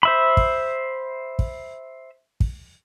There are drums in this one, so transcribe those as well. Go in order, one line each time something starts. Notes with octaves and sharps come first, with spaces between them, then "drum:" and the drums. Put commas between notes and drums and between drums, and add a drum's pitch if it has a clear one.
C5 E5 B5
drum: kick
drum: kick
drum: kick